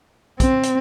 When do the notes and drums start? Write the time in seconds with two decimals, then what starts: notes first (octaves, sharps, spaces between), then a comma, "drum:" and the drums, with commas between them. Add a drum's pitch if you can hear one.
0.40 C4, drum: kick, hi-hat
0.63 drum: hi-hat